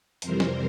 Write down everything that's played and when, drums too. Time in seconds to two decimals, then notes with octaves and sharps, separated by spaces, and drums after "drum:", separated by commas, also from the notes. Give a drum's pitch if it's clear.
0.22 F2 C3 E3 G3 A#4 C5, drum: hi-hat
0.40 drum: snare